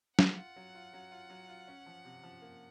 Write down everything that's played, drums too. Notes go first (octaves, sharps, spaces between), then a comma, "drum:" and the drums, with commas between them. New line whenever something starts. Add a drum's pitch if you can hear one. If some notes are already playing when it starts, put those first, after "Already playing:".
F4 F#5, drum: snare
F4
F#3
F4
F#3
F4
F#3
F4
C#4
F3
C3
F3
A#3